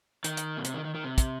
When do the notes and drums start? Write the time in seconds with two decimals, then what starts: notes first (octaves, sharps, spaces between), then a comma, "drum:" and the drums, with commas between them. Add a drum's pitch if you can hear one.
0.24 D#3, drum: hi-hat
0.37 drum: hi-hat
0.57 B2
0.65 C3, drum: hi-hat
0.74 D#3
0.85 D#3
0.95 D#3
1.04 C3
1.18 drum: kick, hi-hat